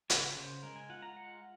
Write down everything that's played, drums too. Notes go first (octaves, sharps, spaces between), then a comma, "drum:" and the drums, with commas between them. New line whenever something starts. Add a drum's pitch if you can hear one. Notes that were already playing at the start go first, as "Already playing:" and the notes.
C#3 C#5, drum: hi-hat
C#3 C5
G#3 A#4
G#5
F4 F#5
A#5
G#3 F#5